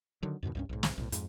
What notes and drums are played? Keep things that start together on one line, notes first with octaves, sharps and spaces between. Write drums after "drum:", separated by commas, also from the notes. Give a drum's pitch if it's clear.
D3 D#3 F#3
F2 G#2 B2 D#3
C2 G2 C#4
B1 G#2
drum: snare
B1 A2
F2 G#2, drum: hi-hat